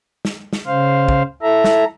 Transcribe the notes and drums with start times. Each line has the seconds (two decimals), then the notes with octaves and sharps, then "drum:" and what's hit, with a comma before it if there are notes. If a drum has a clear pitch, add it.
0.25 drum: snare
0.53 drum: snare
0.67 C#3 C5 F5
1.08 drum: kick
1.42 E4 A4 E5 A#5
1.64 drum: snare